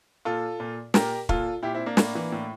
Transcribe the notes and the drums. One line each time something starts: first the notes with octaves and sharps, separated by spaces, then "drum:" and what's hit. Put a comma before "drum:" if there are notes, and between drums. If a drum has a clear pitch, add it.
A#2 F4 A4
A#2
A#2 G4 A#4, drum: snare
A#2 F4 A4, drum: kick
A#2 E4 G4
C4 E4
A#3 D4
A2, drum: snare
E3
A2